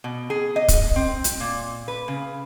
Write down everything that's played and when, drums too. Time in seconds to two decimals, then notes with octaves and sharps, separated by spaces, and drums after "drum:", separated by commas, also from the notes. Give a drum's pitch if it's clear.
0.04 B2
0.30 G#4
0.56 D#5
0.68 drum: kick, hi-hat
0.96 C4
1.24 drum: hi-hat
1.40 A#2
1.88 B4
2.08 C#3